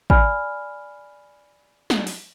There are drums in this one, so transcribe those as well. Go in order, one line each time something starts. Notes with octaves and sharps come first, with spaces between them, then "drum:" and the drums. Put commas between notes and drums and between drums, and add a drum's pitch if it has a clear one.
D5 G#5 B5 F6, drum: kick A1
drum: snare
drum: open hi-hat